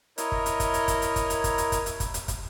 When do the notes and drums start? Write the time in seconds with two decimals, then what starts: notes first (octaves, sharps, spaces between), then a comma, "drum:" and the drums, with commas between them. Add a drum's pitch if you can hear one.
0.18 E4 A#4 C#5 D#5, drum: hi-hat
0.32 drum: kick
0.46 drum: hi-hat
0.60 drum: kick, hi-hat
0.74 drum: hi-hat
0.88 drum: kick, hi-hat
1.02 drum: hi-hat
1.16 drum: kick, hi-hat
1.30 drum: hi-hat
1.44 drum: kick, hi-hat
1.58 drum: hi-hat
1.72 drum: kick, hi-hat
1.86 drum: hi-hat
2.00 drum: kick, hi-hat
2.14 drum: hi-hat
2.28 drum: kick, hi-hat